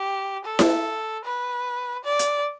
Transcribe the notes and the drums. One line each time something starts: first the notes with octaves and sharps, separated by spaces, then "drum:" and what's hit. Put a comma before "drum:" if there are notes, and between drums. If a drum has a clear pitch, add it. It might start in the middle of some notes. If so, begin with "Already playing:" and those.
Already playing: G4
A4
drum: snare E4
B4
D5
drum: hi-hat